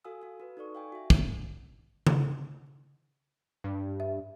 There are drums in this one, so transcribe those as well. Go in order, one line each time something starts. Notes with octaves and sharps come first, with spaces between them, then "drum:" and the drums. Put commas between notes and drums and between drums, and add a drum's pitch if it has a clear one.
F#4 A4 F5 G#5 D#6 E6
F#4 F5
F#4 B4
D#4 A4 D5 C#6
F5 G5 G#5
F#4 E5
drum: kick
drum: tom C#3
G2
E5